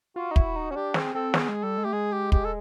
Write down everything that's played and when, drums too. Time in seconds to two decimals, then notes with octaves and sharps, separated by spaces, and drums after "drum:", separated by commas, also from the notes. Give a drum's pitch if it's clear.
0.16 F4 F#4
0.31 D#4
0.36 E4, drum: kick
0.56 D#4
0.71 C#4 F#4
0.75 D4 G4
0.94 C4 G#4, drum: snare
1.15 C4 A4
1.34 B3 G#4, drum: snare
1.48 G#3
1.63 G3 A4
1.78 G#3
1.84 A3 G4
1.93 G#3 G#4
2.12 G4
2.32 G4, drum: kick
2.45 A4